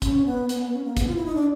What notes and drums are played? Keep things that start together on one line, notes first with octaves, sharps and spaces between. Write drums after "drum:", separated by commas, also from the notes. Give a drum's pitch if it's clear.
C#4, drum: kick, hi-hat
B3
B3, drum: hi-hat
B3
C#4
A#3
B3, drum: kick, hi-hat
F4
E4
D#4
D4